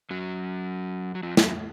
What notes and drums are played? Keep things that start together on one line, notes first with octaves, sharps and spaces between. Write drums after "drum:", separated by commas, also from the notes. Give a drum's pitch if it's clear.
F#2 F#3
F#3
F2 F3
F#2 F#3, drum: snare